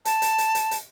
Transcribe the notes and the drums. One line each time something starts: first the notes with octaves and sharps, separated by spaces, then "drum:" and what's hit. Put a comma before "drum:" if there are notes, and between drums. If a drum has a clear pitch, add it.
A5, drum: hi-hat
drum: hi-hat
drum: hi-hat
drum: hi-hat
drum: hi-hat